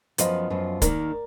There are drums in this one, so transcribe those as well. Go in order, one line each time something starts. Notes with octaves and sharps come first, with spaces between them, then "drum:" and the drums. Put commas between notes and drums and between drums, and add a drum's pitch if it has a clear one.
F#2 F3 B3 F4 B4 D#5, drum: hi-hat
F#2 F3 B3 F4
D#2 D#3 A#3 A#4 D5, drum: kick, hi-hat